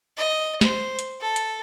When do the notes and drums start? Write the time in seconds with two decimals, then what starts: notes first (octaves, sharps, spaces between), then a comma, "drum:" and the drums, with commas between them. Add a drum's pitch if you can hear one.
0.17 D#5
0.61 C5, drum: snare
0.99 drum: hi-hat
1.21 A4
1.36 drum: hi-hat